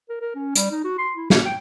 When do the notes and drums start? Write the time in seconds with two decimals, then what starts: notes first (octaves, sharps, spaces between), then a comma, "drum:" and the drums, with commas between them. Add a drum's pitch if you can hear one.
0.09 A#4
0.21 A#4
0.35 C#4
0.55 G3, drum: hi-hat
0.71 D#4
0.84 F#4
0.98 C6
1.16 E4
1.30 A#3, drum: snare
1.45 G5